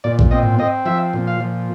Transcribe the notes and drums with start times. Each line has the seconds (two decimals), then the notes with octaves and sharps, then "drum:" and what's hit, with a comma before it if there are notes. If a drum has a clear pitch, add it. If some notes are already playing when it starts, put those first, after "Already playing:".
0.04 A#2 D5
0.19 drum: kick A#1
0.31 C4 D#5
0.43 drum: tom G#2
0.59 C4 D#5
0.86 F3 E5
1.13 A#2
1.27 F5
1.40 F3